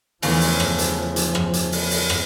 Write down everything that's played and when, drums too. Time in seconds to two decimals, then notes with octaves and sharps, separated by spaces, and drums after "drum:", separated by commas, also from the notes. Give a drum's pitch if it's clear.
0.22 E2 C#3 F3 A3, drum: open hi-hat
0.41 drum: open hi-hat
0.60 drum: rim click
0.79 drum: hi-hat
1.16 drum: hi-hat
1.35 drum: rim click
1.53 drum: hi-hat
1.72 drum: open hi-hat
1.91 drum: open hi-hat
2.10 drum: rim click